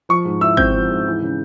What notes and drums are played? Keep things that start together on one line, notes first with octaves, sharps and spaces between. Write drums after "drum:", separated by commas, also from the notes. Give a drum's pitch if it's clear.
F3 C#6
G#2
E4 E6
C4 G6, drum: kick
F3
G#2
E3
C#3